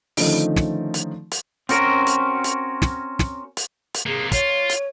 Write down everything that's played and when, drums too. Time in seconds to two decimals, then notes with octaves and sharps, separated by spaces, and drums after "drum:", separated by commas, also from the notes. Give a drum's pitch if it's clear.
0.17 D3 D#3 F3 A3 C#4 D#4, drum: open hi-hat
0.56 drum: snare
0.94 drum: hi-hat
1.32 drum: hi-hat
1.69 C4 C#4 F#4 A#4, drum: hi-hat
2.07 drum: hi-hat
2.44 drum: hi-hat
2.82 drum: snare
3.19 drum: snare
3.57 drum: hi-hat
3.94 drum: hi-hat
4.06 C3 A#3 G#4
4.32 F4 C#5, drum: kick, hi-hat
4.70 drum: hi-hat